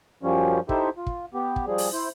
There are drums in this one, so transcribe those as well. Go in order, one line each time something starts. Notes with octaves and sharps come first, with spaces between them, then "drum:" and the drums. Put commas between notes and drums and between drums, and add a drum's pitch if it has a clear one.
F#2 F3 G3 C#4
D#4 E4 G4 A4 C5 E5, drum: kick
F4
drum: kick
B3 G4
drum: kick
F3 G3 G#4
drum: open hi-hat
E4 C5